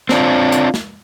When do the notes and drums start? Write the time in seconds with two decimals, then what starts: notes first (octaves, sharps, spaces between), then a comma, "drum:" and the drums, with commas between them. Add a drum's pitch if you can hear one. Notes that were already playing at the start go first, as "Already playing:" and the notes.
0.09 C4 D4 F4, drum: snare
0.52 drum: hi-hat
0.74 drum: snare